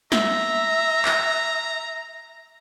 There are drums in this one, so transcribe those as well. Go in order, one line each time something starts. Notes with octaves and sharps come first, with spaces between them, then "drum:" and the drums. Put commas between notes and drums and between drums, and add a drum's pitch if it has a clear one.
E5 A#5, drum: snare
drum: clap